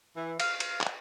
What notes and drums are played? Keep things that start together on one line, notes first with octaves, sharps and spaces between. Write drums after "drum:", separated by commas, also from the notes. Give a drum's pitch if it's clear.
E3
F5, drum: cymbal
drum: cymbal
drum: clap